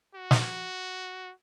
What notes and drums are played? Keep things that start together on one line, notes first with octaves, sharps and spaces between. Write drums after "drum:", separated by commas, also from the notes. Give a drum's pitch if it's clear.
F#4
drum: snare